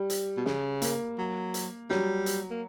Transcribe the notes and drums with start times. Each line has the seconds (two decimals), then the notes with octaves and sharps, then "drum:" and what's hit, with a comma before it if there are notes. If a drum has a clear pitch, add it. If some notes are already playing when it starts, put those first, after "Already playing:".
Already playing: G3
0.10 drum: hi-hat
0.37 B2
0.46 C#3, drum: snare
0.82 A#3, drum: hi-hat
1.18 F#3
1.54 drum: hi-hat
1.90 F#3 G3, drum: snare
2.26 drum: hi-hat
2.50 A#3